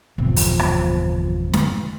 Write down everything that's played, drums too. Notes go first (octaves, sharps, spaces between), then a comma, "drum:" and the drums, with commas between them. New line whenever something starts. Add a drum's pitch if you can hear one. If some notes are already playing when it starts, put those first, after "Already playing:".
G1 E2 B2 F3 C4
drum: open hi-hat
drum: rim click
drum: snare